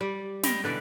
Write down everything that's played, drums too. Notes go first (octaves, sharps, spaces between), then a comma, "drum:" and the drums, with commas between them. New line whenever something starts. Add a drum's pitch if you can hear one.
G3 D5
D#5 G5 B5, drum: snare
B2 D3 E3 B4 D5